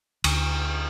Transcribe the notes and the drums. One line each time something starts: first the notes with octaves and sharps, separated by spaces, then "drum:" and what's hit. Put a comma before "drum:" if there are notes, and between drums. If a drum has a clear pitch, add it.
D2, drum: cymbal